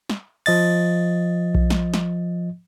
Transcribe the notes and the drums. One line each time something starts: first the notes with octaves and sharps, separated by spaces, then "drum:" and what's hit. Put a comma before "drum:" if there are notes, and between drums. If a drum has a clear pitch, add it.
drum: snare
F3 D#5 A6, drum: cymbal
drum: kick B1
drum: snare
drum: snare